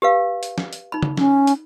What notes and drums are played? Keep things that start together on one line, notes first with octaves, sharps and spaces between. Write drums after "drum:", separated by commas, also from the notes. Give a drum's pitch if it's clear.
G4 B4 F5
drum: hi-hat
drum: snare
drum: hi-hat
D#4 B5
drum: tom C#3
C#4, drum: snare
drum: hi-hat